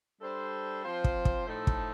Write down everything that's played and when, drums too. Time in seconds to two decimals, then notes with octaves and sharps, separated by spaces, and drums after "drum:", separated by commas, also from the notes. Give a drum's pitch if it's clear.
0.21 G3 D4 A4 C5
0.83 F3 C4 F4 C5
1.04 drum: kick
1.25 drum: kick
1.46 A2 F3 A3 D#4 A4
1.67 drum: kick